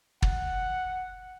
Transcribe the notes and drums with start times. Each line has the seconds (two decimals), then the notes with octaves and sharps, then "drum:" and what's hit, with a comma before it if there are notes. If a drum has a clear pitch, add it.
0.22 F#5, drum: kick